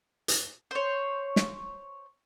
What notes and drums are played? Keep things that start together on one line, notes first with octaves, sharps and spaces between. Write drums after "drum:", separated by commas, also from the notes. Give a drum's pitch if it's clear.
drum: hi-hat
C5 C#5
drum: snare